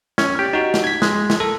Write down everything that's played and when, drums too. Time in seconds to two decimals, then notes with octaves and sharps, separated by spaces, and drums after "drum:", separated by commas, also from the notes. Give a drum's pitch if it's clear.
0.18 C#4, drum: snare
0.39 G4 D5
0.53 D#4 F#4
0.74 drum: snare
0.84 G#6 B6
1.02 G#3, drum: snare
1.30 drum: snare
1.40 A4 A#4